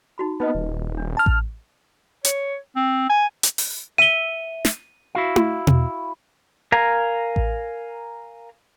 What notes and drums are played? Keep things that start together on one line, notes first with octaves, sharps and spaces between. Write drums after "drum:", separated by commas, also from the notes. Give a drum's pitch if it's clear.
D#4 F#4 B5
B3 D#4 B4 D#5
D#1
D4
A5 F6
drum: kick A1
C#5, drum: hi-hat
C4
G#5
drum: hi-hat
drum: open hi-hat
E5 D#7 G7
drum: snare
E4 F#4 F5
drum: tom E4
drum: tom B2
A#4 F5 G#5 A#5
drum: kick A1